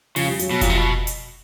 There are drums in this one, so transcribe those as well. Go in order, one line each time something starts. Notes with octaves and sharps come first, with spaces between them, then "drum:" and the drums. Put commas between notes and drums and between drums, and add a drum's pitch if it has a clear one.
C#3 F3, drum: open hi-hat
G3
F#3, drum: hi-hat
B2 F#3
A#2 F3, drum: kick F1, hi-hat
C3
B2
drum: hi-hat